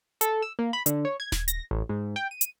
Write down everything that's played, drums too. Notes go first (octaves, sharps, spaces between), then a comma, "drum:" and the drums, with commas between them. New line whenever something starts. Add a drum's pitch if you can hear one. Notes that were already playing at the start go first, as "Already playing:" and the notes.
A4, drum: hi-hat
E6
A#3
B5
D3, drum: hi-hat
C#5
G#6
drum: snare D#1
A#6, drum: hi-hat
A1
G#2
G5
D#7
drum: hi-hat